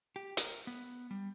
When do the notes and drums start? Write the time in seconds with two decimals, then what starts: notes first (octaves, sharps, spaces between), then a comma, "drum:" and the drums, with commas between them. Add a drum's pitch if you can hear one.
0.16 G4
0.37 A#4, drum: hi-hat
0.67 B3
1.11 G3